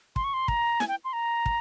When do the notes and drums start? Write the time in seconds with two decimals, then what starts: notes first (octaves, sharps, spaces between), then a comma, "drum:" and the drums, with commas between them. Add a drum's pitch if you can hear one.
0.16 C6, drum: kick
0.24 C#6
0.34 C6
0.48 A#5, drum: kick
0.80 G#5, drum: snare E4
0.88 G5
1.05 C6
1.13 A#5
1.46 drum: kick